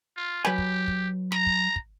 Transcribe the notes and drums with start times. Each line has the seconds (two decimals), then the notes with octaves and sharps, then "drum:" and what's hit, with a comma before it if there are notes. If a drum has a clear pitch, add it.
0.17 F4
0.45 F#3 G4 B4 G#5, drum: snare
0.58 drum: kick
0.88 drum: kick
1.32 A#5, drum: snare
1.46 drum: kick
1.76 drum: kick